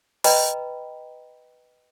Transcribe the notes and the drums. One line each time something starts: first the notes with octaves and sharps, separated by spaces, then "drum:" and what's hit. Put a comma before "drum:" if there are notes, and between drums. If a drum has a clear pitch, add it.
B4 D#5 G5 A#5 B5, drum: open hi-hat